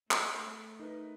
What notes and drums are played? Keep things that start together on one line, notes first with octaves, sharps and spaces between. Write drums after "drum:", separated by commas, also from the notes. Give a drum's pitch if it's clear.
A3, drum: clap
D#4 A#4 B4